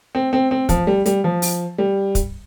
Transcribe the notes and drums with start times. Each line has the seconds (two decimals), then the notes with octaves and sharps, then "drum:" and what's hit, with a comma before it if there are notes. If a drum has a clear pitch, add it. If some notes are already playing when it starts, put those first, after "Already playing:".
0.15 C4
0.33 C4
0.51 C4
0.69 F3, drum: kick, hi-hat
0.87 G3
1.06 G3, drum: hi-hat
1.24 F3
1.42 drum: open hi-hat
1.78 G3
2.15 drum: kick, hi-hat